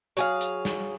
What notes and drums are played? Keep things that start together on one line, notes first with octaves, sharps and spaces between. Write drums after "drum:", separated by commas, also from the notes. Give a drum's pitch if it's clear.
F#3 G#4 F5, drum: hi-hat
drum: hi-hat
drum: snare